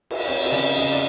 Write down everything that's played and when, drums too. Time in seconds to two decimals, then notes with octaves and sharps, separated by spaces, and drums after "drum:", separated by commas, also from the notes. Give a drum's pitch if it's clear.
0.11 drum: cymbal
0.21 D5
0.27 C4 C#5
0.44 D#5, drum: cymbal
0.51 C#3 D5
0.76 C#3 D#5
0.92 D5